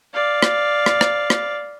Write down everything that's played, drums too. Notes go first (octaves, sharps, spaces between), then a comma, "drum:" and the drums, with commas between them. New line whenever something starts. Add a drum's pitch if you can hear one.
D5 F5
drum: rim click
drum: rim click
drum: rim click
drum: rim click